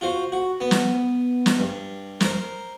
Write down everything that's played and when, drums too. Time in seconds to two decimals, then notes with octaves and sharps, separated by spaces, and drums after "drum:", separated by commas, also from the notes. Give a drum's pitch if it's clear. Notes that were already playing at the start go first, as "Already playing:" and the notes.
0.01 F4 F#4 C5
0.32 F#4
0.61 B3
0.71 drum: snare
1.46 drum: snare
1.59 G2
2.21 A#4 C5, drum: snare